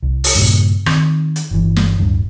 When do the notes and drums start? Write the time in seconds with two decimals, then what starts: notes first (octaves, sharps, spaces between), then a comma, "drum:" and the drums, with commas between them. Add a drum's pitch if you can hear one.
0.03 C2
0.24 drum: open hi-hat
0.35 G2 A#2 C#3
0.86 D#3 C4, drum: rim click
1.36 drum: hi-hat
1.51 G1 E3
1.76 drum: snare
1.99 D1 D2 G2 D3